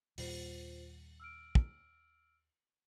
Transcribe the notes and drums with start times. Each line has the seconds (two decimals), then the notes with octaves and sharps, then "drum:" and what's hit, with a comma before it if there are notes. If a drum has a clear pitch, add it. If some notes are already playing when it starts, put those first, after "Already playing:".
0.18 D#2 A#2 G3 F4 C5 C7, drum: open hi-hat
1.20 E6 F6 D7
1.55 drum: kick